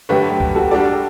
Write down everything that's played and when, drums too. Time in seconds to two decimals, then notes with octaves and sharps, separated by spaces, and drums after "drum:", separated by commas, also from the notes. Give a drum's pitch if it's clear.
0.09 G2 D3 F#3 A3 G4 B4
0.40 drum: kick C2
0.56 F#4 A4
0.71 G3 D4 F#4 G4 A4 D5